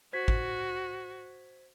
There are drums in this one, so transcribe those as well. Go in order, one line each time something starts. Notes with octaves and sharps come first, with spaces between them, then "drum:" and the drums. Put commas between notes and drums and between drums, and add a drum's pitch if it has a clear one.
F#4 C5 G#6 B6
drum: kick